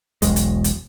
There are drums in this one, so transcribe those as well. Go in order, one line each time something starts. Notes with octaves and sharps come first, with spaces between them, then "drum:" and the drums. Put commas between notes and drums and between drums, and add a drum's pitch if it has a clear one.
E1 B1 G#3, drum: hi-hat
drum: hi-hat
drum: hi-hat